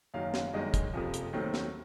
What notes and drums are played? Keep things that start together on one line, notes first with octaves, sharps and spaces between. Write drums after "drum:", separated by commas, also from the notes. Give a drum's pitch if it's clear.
F#1 F#2 D#3 F#3 F5
drum: snare
G1 F#2 D#3 G#3 D#5
drum: kick, hi-hat
F#1 F2 C3 F3
drum: hi-hat
D#2 D#3 F#3 A3 C4
drum: snare